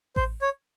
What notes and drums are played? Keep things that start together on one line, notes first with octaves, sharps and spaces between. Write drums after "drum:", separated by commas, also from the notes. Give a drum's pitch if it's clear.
C5, drum: kick A1
C#5